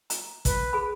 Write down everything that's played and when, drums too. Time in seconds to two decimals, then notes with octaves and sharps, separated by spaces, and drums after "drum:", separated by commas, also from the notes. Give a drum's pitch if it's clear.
0.10 A#5, drum: hi-hat
0.45 B4, drum: kick, hi-hat
0.73 G#4 B5